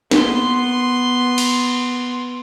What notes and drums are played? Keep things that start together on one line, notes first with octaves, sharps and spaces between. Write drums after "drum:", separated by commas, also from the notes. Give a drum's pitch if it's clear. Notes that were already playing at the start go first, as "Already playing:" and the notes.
B3 C6, drum: snare
drum: cymbal